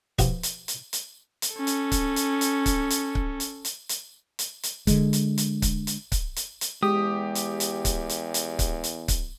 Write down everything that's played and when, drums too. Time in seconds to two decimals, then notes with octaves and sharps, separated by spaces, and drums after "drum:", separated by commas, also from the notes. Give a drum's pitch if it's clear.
0.19 B2 F3 E4 F#4 G4, drum: kick C#1, hi-hat
0.43 drum: hi-hat
0.68 drum: hi-hat
0.93 drum: hi-hat
1.42 drum: hi-hat
1.54 C#4 A4
1.67 drum: hi-hat
1.92 drum: kick C#1, hi-hat
2.16 drum: hi-hat
2.41 drum: hi-hat
2.66 drum: kick C#1, hi-hat
2.90 drum: hi-hat
3.15 drum: kick C#1
3.40 drum: hi-hat
3.65 drum: hi-hat
3.89 drum: hi-hat
4.39 drum: hi-hat
4.63 drum: hi-hat
4.87 D3 G#3, drum: kick C#1, hi-hat
5.13 drum: hi-hat
5.38 drum: hi-hat
5.62 drum: kick C#1, hi-hat
5.87 drum: hi-hat
6.12 drum: kick C#1, hi-hat
6.36 drum: hi-hat
6.61 drum: hi-hat
6.83 E2 G#3 G4 D#6
7.35 drum: hi-hat
7.60 drum: hi-hat
7.85 drum: kick C#1, hi-hat
8.09 drum: hi-hat
8.34 drum: hi-hat
8.59 drum: kick C#1, hi-hat
8.84 drum: hi-hat
9.08 drum: kick C#1, hi-hat